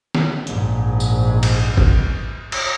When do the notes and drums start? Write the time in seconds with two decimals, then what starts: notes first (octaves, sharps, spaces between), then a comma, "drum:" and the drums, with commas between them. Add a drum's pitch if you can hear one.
0.15 drum: snare
0.47 A#1 G#2, drum: hi-hat
1.00 drum: tambourine
1.43 drum: cymbal
1.77 drum: kick
2.52 drum: cymbal